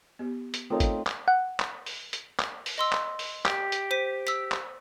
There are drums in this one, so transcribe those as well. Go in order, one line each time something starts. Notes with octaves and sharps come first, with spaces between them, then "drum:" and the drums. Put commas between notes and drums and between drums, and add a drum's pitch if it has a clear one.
B3 G4
drum: hi-hat
A3 C4 D#4 F4 A4 A#4 C#5 F5
drum: kick, hi-hat
drum: clap
F#5
drum: clap
drum: open hi-hat
drum: hi-hat
drum: clap
drum: open hi-hat
D#5 C6 E6
drum: clap
drum: open hi-hat
G4, drum: clap
drum: hi-hat
C5 B6 D#7
E6 B6, drum: hi-hat
drum: clap